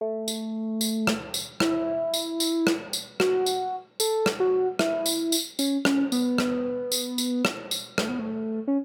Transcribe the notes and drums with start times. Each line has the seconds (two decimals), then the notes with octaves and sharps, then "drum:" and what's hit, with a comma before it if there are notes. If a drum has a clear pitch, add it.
0.01 A3
0.28 drum: tambourine
0.81 drum: tambourine
1.07 drum: rim click
1.34 drum: tambourine
1.60 E4, drum: rim click
2.14 drum: tambourine
2.40 drum: tambourine
2.67 drum: rim click
2.93 drum: tambourine
3.20 F#4, drum: rim click
3.46 drum: tambourine
4.00 A4, drum: tambourine
4.26 drum: rim click
4.40 F#4
4.79 E4, drum: rim click
5.06 drum: tambourine
5.32 drum: tambourine
5.59 C#4, drum: tambourine
5.85 C#4, drum: rim click
6.12 B3, drum: tambourine
6.38 drum: rim click
6.92 drum: tambourine
7.18 drum: tambourine
7.45 drum: rim click
7.71 drum: tambourine
7.98 A3, drum: rim click
8.09 B3
8.19 A3
8.68 C#4